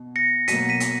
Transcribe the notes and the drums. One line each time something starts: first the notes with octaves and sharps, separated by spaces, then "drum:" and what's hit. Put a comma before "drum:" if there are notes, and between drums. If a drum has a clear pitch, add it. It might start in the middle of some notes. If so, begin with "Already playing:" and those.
Already playing: B2
A#6 C#7
B2 F#3 A#3 B6 D#7, drum: hi-hat
B6 D#7
drum: hi-hat